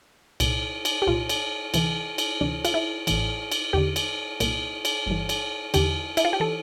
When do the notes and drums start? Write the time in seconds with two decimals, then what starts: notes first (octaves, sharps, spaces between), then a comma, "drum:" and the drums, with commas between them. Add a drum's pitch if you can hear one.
0.40 C2 A#2, drum: cymbal
0.85 drum: cymbal
1.02 G4
1.07 C2 A#2 F4
1.29 drum: cymbal
1.74 D2 C3 E3, drum: cymbal
2.18 drum: cymbal
2.41 D2 C3 E3 D4
2.65 F4, drum: cymbal
2.74 E4
3.07 A1 A2 E3, drum: cymbal
3.52 drum: cymbal
3.73 E2 D3 G4
3.96 drum: cymbal
4.40 C2 A#2, drum: cymbal
4.85 drum: cymbal
5.06 G1 G2 E3
5.29 drum: cymbal
5.74 E2 D3 G4, drum: cymbal
6.17 E4, drum: cymbal
6.25 F4
6.33 G4
6.40 E3 A4